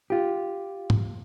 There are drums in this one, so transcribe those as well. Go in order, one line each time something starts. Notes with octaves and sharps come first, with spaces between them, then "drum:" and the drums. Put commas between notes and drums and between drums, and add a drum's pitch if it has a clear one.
F4 G4
drum: tom